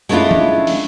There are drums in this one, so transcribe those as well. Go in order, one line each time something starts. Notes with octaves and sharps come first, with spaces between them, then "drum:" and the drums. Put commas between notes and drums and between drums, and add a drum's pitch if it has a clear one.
G#3 A3 C#4 D4 E4 F4
drum: tom E3
drum: open hi-hat